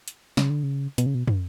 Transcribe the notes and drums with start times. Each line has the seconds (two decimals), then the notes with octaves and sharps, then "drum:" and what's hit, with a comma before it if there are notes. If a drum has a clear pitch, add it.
0.08 drum: hi-hat
0.37 C#3, drum: snare
0.50 D3
0.63 C#3
0.98 B2, drum: hi-hat
1.06 C#3
1.15 B2
1.28 drum: tom